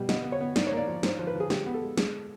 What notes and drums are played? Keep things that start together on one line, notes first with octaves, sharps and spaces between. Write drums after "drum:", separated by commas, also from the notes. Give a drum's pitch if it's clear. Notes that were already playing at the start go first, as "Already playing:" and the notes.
Already playing: B2 G3
B3 D#5, drum: snare
B3
C#5
B3
G#2 D5, drum: snare
C#5
A#3 D5
F3
G#2 C5, drum: snare
F3
B4
F3 G#4
G#3 G4, drum: snare
B3
A4
G#3
G#3, drum: snare